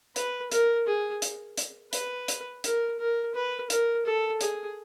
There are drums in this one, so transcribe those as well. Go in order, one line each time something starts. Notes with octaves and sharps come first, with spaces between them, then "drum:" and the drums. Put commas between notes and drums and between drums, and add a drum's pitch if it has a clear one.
B4, drum: hi-hat
A#4, drum: hi-hat
G#4
drum: hi-hat
drum: hi-hat
B4, drum: hi-hat
drum: hi-hat
A#4, drum: hi-hat
A#4
B4
A#4, drum: hi-hat
A4
G#4, drum: hi-hat